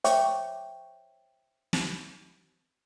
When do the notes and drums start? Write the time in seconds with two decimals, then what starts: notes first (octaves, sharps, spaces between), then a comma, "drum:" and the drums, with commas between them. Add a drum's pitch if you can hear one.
0.04 C5 C#5 E5 G5 C#6 D6, drum: hi-hat
1.73 drum: snare